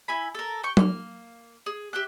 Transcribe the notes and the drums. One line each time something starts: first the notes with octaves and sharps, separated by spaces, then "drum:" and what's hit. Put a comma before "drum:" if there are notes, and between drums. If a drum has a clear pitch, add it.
E4 G#5 B5
A4 A#4
G5 C#6
A#3 C#6 F6, drum: tom F#3
G#4
G4 E5 G5 F#6